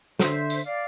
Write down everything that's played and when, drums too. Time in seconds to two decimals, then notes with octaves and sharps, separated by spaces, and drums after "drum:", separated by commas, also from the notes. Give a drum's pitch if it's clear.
0.19 D3 C5 E5, drum: snare
0.50 drum: tambourine
0.65 D5 F5